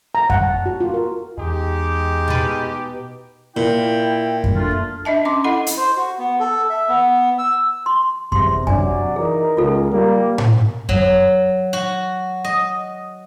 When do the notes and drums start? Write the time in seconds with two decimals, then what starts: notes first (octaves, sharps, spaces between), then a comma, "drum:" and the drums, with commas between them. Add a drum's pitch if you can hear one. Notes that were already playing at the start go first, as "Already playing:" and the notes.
0.15 A#5
0.30 F#5, drum: kick F#2
0.43 A5
0.66 F#4
0.80 F4
0.94 A#4
1.38 E2 G#3 D#4 G4
2.28 B2 B4
3.57 A#2 E4 G5
4.44 drum: kick F#2
4.56 A3 D4 F4
5.05 D4 D#5 E5 A5
5.25 C#4 C6 D6
5.44 E4 A4 D#5 F#5 B5
5.67 drum: hi-hat
5.77 C5
5.97 F#4
6.18 B3
6.40 A4
6.70 E5
6.89 B3
7.38 E6
7.86 C6
8.32 E2 C3 E5 C6, drum: kick F#2
8.67 F#3 D4 D5 G#5, drum: kick F#2
9.16 E3 D#4 G#4 A#4 D#5
9.57 C#2 F4 A4
9.92 G3 A#3
10.38 drum: tom A2
10.89 F#3, drum: kick F#2
11.73 F#4
12.44 D#5